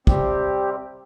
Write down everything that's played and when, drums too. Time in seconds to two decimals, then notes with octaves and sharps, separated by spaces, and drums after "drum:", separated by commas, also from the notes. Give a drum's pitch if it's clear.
0.07 C3 G3 C4 G4, drum: kick